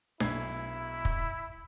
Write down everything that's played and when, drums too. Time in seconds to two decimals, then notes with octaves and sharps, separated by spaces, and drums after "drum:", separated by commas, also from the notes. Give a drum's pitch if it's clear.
0.20 B1 E4 G#6 C7, drum: snare D4
1.05 drum: kick